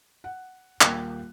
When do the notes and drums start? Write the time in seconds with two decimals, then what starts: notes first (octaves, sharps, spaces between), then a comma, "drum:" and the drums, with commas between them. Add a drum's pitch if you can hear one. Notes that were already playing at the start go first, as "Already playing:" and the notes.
0.24 F#5
0.81 D#1 A#3 G5 F#6, drum: clap